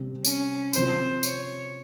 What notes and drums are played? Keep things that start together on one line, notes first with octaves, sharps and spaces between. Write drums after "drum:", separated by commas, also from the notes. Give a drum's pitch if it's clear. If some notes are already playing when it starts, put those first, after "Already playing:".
Already playing: C3 G3 C4
C#4, drum: tambourine
C3 F3 C4 F4 C5, drum: tambourine
C#5, drum: tambourine